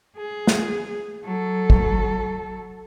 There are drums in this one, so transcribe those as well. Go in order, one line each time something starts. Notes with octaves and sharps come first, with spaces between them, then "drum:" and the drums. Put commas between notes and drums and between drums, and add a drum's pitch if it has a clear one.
G#4
drum: snare
F#3 A4
drum: kick